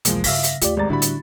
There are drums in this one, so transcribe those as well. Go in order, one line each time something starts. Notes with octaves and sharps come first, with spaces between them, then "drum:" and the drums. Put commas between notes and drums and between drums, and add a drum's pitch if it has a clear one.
B1 E2 F3 G#3 A#3, drum: hi-hat
G2 C#3 E5 F5 A#6 B6, drum: open hi-hat
drum: hi-hat
D#2 A3 F4 G4 D5, drum: hi-hat
G#1 G3 G#3 D5 A#5 A6
A2 D3 B3 D4 E4 F#4 B5
drum: hi-hat